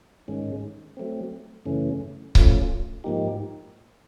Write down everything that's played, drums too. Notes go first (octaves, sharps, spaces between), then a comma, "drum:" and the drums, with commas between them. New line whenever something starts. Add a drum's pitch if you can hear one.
G#2 D#3 G#3 C#4
F#3 A3 C4
F#2 C#3 E3 A3 C#4
F3 A3 C#4 F4, drum: kick C#1
G#2 F3 A#3 D#4 G4